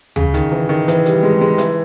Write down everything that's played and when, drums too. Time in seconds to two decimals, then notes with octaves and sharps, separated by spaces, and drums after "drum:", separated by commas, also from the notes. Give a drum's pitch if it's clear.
0.16 C#3, drum: tom D2
0.34 D#3, drum: hi-hat
0.52 E3
0.69 D#3
0.88 E3, drum: hi-hat
1.06 G3, drum: hi-hat
1.23 G#3
1.41 G#3
1.58 E3, drum: hi-hat